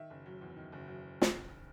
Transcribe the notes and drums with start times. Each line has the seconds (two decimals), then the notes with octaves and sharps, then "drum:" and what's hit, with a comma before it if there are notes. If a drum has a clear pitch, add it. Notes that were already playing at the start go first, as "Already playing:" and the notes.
Already playing: D#3 E5
0.10 F#1
0.26 F#3
0.41 E2
0.57 D#3
0.72 F#1
0.88 F#3
1.22 drum: snare